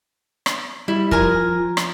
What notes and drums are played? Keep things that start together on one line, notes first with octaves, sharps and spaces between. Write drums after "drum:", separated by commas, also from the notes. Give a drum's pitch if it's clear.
drum: rim click
G3 E4
F3 A#4 G#5 A#5, drum: kick
drum: rim click